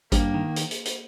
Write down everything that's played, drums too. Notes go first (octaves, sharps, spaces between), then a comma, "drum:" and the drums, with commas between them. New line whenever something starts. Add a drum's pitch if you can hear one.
G2 A#3, drum: kick, hi-hat
D#3
drum: hi-hat
drum: hi-hat
drum: hi-hat